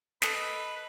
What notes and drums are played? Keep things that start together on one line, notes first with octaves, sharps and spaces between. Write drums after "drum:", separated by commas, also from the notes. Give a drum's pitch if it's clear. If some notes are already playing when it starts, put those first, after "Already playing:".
A4 B4 D#5, drum: snare